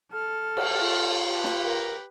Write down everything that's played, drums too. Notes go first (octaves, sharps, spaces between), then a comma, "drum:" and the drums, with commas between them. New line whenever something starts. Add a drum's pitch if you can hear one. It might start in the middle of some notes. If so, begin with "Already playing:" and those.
A4 F6
drum: cymbal
F4
G4 B4 A5
drum: snare
A#4